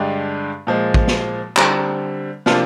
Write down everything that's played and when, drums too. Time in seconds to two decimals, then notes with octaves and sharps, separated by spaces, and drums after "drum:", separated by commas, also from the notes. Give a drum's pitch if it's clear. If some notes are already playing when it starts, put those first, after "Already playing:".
Already playing: G2 D3 G#3 D4 G4
0.67 A#2 F3 G#3
0.94 drum: kick
1.07 drum: snare
1.57 D3 G3 C4, drum: clap
2.46 C3 F3 A#3 D4 F4, drum: snare